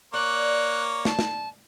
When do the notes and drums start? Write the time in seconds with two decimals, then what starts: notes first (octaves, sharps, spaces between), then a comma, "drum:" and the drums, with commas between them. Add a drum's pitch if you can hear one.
0.14 A#3 C#5 D5 F#6
1.05 A5, drum: snare
1.19 drum: snare